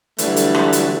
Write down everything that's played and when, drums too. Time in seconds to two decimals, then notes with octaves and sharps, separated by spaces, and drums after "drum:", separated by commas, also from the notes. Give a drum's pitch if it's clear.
0.18 D3 E3 F#3 G3 A3 D4, drum: hi-hat
0.36 drum: hi-hat
0.55 drum: rim click
0.73 drum: hi-hat